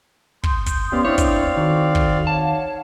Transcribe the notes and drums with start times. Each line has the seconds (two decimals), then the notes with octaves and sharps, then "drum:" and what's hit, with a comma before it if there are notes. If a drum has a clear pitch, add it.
0.43 C6 D#6 G6, drum: kick
0.66 drum: kick, hi-hat
0.92 B3 C#4 G4 D5 F5
1.05 C4 D4 E4 C#5 D5 F5
1.18 drum: kick, hi-hat
1.57 D#3 F#4 A4
1.95 drum: kick
2.27 C#5 F5 F#5 A5